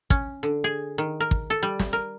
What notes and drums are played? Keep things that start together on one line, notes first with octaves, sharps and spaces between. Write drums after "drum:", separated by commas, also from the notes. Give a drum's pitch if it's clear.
C#4, drum: kick
D3
G#4
D#3
A#4
drum: kick
A4
G3
drum: snare
A#4